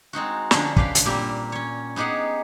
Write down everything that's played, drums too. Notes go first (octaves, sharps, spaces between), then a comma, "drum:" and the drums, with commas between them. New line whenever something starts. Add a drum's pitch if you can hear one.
G#3 C4 D#4 F#4
D3 F3 C4 C#4, drum: snare
G4 B4 D5 F5 G5, drum: kick
drum: hi-hat
A#2 G3 A#3 C4 G4
C#4 C#5
B3 D#4 G4 G#4 F#5